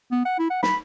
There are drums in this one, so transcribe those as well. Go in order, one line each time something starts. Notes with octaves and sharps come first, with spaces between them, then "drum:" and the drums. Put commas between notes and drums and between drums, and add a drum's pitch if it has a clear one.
B3
F#5
E4
F#5
B5, drum: snare